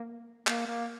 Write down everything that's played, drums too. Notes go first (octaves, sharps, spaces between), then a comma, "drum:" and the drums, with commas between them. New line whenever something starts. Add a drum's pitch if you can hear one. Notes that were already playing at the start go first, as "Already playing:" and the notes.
Already playing: A#3
A#3, drum: clap
A#3